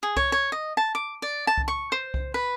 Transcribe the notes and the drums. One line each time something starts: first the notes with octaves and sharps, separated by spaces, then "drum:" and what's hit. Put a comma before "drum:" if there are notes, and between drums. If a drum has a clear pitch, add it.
G#4
C#5, drum: kick C2
C#5
D#5
A5
D6
D5
A5
drum: kick C2
C#6
C5
drum: kick C2
B4